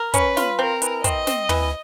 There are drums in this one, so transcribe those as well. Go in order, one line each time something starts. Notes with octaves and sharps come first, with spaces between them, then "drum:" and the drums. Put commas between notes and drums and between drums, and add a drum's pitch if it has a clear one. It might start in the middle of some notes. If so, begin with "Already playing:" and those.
Already playing: A#4
C#4 B4, drum: kick, hi-hat
F4, drum: snare
C4 A#4
E3, drum: hi-hat
C4 D#5, drum: kick, hi-hat
C4, drum: snare
E3, drum: tom